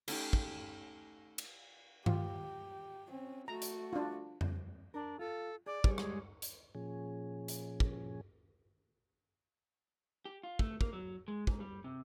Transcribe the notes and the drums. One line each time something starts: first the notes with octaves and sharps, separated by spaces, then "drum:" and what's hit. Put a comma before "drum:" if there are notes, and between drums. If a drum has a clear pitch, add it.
A3 C#4 D#4 G4, drum: cymbal
drum: kick
drum: cymbal
F4 G4, drum: tom G2
C4 C#4
A3 F#4 A#5
drum: hi-hat
D4 F4
drum: tom F2
D4 A#4
F4 A4
G#4 D5
G3 G#4 C#5, drum: kick
G#3, drum: rim click
drum: hi-hat
A#2 F3 C#4 G#4
drum: hi-hat
drum: kick
G4
F4
A3, drum: kick
A#3, drum: kick
F#3
G#3
G#2, drum: kick
G3
C3